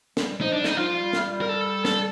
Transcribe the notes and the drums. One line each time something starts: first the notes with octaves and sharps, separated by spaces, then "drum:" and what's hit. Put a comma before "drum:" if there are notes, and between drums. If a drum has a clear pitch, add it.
G3, drum: snare
F3 D#4
D4
G3
D#4, drum: snare
F3 F4
G3
G3, drum: snare
A#4
A4
A4, drum: snare